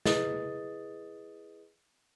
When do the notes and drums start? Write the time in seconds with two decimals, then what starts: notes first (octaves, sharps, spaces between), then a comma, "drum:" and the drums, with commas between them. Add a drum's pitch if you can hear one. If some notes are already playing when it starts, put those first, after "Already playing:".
0.06 E4 G#4 B4 D#5 D#6 A6, drum: snare